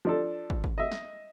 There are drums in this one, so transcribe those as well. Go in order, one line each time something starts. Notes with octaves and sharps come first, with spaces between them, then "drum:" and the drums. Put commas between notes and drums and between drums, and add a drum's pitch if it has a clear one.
F3 D4 A4
drum: kick
drum: kick
D#5 E5
drum: snare